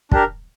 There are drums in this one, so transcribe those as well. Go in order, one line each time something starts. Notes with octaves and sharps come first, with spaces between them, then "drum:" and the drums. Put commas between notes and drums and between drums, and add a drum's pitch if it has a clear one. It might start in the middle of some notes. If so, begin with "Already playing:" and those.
D4 G4 A#4, drum: kick